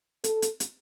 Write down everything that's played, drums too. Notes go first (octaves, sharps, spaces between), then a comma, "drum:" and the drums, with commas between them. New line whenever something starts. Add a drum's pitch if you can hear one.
A4, drum: hi-hat
drum: hi-hat
drum: hi-hat